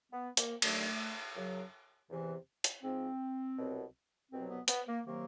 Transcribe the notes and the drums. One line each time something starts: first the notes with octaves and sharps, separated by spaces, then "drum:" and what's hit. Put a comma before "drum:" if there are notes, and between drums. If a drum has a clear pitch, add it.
B3
A#3, drum: hi-hat
D#2 D3 F#3 A3, drum: cymbal
F#2 C#3 F#3
E2 C3 E3
drum: hi-hat
G#2 F3 C4
C2 B2 F#3
C2 B2 F#3 C4
B3
B3, drum: hi-hat
A#3
C3 D#3 F#3 A#3